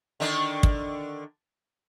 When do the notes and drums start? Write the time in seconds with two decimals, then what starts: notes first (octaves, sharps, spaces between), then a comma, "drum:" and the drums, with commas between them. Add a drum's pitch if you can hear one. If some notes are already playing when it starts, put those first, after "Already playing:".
0.20 D3 D#3 D4
0.63 drum: kick